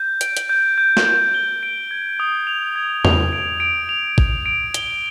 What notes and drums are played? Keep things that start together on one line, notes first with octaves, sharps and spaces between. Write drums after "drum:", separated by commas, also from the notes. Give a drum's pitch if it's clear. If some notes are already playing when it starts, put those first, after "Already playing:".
Already playing: G6
D7, drum: hi-hat
drum: hi-hat
G6
G6
drum: snare
G6
G7
D7
G#6
D#6
F7
G#6
F7, drum: tom E2
D7
D7
F7
D7, drum: kick
D7
G7, drum: hi-hat